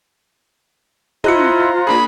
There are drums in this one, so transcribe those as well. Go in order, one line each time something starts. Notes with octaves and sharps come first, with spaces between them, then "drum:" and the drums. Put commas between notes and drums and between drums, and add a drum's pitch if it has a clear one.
E4 F4 C5 D#5 A#5 F#6 C#7, drum: tom
A#3 D4 G#4 B5